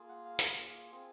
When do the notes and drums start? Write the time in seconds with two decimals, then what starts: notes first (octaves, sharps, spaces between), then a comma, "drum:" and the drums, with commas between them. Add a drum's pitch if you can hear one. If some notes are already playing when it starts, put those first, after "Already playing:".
Already playing: A#3 F4 G#4
0.09 F#5
0.25 F5
0.39 drum: hi-hat
0.92 C4 F4 G#4